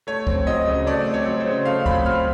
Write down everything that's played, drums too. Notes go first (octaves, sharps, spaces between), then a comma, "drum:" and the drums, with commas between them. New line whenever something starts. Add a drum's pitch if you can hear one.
A3 C#5
C4, drum: kick C#2
F#3 D#5
C#3
A3 D5
C4
C#5
F#3
C5
C#3
A3 F5
C4 B5, drum: kick C#2
F#3 F6